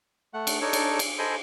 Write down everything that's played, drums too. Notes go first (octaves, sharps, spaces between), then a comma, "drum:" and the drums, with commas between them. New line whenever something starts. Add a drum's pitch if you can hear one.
A3 F#5
drum: cymbal
D4 D#4 A4 C#5
drum: cymbal
drum: cymbal
A4 C5 D#5 G#5 B5